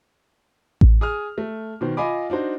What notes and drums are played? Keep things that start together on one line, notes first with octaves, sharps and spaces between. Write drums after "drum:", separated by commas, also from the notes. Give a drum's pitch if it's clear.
drum: kick A1
G#4 D#6 F6
A3
B2 D#3 C5
F4 D#5 F5 G#5 B5 D6
D4 D#4 F#4 C5